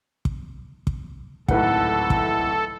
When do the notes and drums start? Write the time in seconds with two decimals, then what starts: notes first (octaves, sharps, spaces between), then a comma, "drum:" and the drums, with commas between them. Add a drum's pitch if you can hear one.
0.25 drum: kick
0.87 drum: kick
1.48 D1 G#1 A2 A4 B4 F#5, drum: kick
2.10 drum: kick